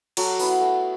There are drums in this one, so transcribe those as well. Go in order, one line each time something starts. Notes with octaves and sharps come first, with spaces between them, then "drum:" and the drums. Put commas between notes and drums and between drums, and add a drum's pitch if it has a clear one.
F#3 F#4 A4, drum: cymbal
B3 E4, drum: open hi-hat
A3